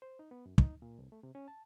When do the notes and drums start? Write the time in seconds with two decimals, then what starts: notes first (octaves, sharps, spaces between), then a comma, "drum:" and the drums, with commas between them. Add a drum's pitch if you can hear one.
0.02 C5
0.19 D#4
0.31 B3
0.46 F#2
0.58 D#4, drum: kick
0.82 A#2
0.99 C2
1.12 A3
1.23 C3
1.35 C#4
1.48 A5